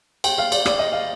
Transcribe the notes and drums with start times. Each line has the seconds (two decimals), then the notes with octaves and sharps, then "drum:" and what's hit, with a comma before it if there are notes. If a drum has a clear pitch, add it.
0.24 G5, drum: cymbal
0.38 F5
0.52 D5, drum: cymbal
0.66 D5, drum: rim click
0.79 D#5
0.93 F5